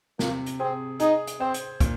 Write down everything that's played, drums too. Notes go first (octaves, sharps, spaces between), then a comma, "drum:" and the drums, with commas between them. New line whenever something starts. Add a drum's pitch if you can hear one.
C3 A#3, drum: snare
drum: hi-hat
C4 G#4
D#4 G#4, drum: hi-hat
drum: hi-hat
C4 C5
drum: hi-hat
A#2, drum: kick, hi-hat